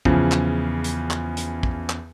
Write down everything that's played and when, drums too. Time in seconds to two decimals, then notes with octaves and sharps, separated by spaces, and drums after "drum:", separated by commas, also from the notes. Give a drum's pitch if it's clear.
0.05 E2 C#3 F3, drum: kick
0.32 drum: clap
0.84 drum: hi-hat
1.11 drum: clap
1.37 drum: hi-hat
1.63 drum: kick
1.90 drum: clap